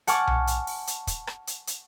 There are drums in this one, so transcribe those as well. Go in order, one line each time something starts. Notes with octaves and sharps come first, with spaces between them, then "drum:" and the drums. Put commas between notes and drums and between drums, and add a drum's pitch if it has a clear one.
F#5 G#5 A5 C#6 D6 F6, drum: hi-hat
drum: tom B1
drum: hi-hat
drum: open hi-hat
drum: hi-hat
drum: kick, hi-hat
drum: rim click
drum: hi-hat
drum: hi-hat